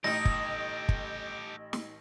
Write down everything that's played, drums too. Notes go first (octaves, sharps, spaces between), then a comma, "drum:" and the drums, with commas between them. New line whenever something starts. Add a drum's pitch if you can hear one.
A1 D#4 G4 A4 A#6
drum: kick
drum: kick
drum: snare